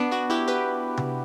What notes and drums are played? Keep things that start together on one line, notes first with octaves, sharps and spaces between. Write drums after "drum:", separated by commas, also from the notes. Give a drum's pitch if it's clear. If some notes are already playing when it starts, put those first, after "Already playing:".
Already playing: B3 D4
D4 F#4
E4 G4
G4 B4
drum: tom C3